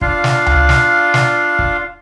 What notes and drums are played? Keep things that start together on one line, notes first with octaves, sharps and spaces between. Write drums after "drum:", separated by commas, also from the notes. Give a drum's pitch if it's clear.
D4 F4 F5, drum: kick
drum: snare
drum: tom C#2
drum: snare
drum: snare
drum: kick